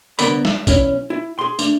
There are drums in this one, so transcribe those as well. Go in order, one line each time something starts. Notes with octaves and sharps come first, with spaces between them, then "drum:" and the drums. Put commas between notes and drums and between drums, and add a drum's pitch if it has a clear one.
C2 D3 B3 A#4 D5 B5, drum: tambourine
E5, drum: snare
B1 E2 C#4 E4, drum: kick A#1, tambourine
E4
G#4 C6
A3 D4, drum: tambourine